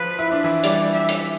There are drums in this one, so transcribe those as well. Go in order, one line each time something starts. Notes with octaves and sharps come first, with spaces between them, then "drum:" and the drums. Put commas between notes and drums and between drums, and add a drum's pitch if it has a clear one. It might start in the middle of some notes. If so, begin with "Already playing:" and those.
Already playing: F3 F4 B4
E4
D4
E3 E4
G3 G4 D5, drum: hi-hat
E5
drum: hi-hat